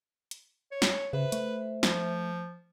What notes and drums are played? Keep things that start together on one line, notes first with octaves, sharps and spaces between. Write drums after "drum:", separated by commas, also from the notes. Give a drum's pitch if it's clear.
drum: hi-hat
C#5
drum: snare
C#3 B4 C5 E5
A3, drum: hi-hat
F3, drum: snare